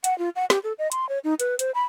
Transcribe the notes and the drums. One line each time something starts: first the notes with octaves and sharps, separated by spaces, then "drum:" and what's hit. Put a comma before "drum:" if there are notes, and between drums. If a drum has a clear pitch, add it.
F#5, drum: hi-hat
F4
F#5
G4, drum: snare
A4
D#5
C6, drum: hi-hat
C#5
D#4
B4, drum: hi-hat
C5, drum: hi-hat
B5